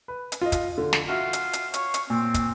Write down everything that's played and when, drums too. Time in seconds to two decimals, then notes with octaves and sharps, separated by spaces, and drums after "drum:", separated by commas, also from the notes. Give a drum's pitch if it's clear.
0.08 B4
0.32 drum: hi-hat
0.41 F4 D#5
0.52 drum: kick, hi-hat
0.78 D3
0.93 drum: snare
1.08 F4 F#4 E5
1.33 drum: hi-hat
1.53 drum: hi-hat
1.74 C#5, drum: hi-hat
1.94 drum: hi-hat
2.10 A#2 C4
2.34 drum: kick, hi-hat